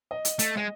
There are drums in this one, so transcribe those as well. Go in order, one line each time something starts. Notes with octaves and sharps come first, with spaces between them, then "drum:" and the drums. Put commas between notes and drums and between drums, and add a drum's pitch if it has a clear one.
D#5
drum: hi-hat
A3, drum: hi-hat
G#3 D#5